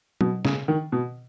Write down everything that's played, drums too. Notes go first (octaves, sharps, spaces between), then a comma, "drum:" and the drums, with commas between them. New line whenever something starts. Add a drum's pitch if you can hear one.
B2, drum: tom F#3
C#3, drum: snare
D#3
B2